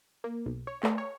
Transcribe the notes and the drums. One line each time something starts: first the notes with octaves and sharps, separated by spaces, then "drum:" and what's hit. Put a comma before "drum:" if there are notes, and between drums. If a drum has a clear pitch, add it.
A#3
B1
C#5
A3, drum: clap
C#5